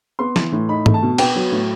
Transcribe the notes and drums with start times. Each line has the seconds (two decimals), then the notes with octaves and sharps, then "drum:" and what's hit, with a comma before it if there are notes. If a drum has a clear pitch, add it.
0.19 B3 C6
0.36 E3, drum: snare
0.52 A2
0.69 D#4 B5
0.86 A3, drum: tom G#2
0.94 A5
1.02 B2
1.18 B3 G5, drum: cymbal
1.35 F#3
1.52 A2